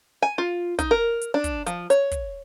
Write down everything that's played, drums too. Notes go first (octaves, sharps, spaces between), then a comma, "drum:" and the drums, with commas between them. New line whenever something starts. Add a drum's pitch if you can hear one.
G#5
F4
D#4, drum: kick, hi-hat
A#4
drum: hi-hat
D4
drum: kick, hi-hat
F3, drum: hi-hat
C#5, drum: hi-hat
drum: kick, hi-hat